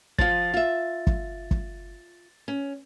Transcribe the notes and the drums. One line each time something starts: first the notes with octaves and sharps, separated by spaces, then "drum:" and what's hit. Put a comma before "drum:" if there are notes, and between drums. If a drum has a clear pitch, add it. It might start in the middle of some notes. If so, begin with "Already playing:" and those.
F3 F4 A6, drum: kick G1
F4 E5
drum: kick G1
drum: kick G1
C#4